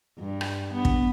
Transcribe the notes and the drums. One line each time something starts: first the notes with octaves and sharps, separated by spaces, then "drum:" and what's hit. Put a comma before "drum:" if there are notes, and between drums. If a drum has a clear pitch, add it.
G2
drum: rim click
B3
drum: kick